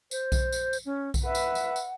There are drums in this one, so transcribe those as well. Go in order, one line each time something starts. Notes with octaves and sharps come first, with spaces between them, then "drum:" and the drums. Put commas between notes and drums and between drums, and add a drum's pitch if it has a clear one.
C5, drum: tambourine
drum: kick B1, tambourine
drum: tambourine
drum: tambourine
C#4
drum: kick B1, tambourine
B4 E5 F#5
drum: tambourine
drum: tambourine
drum: tambourine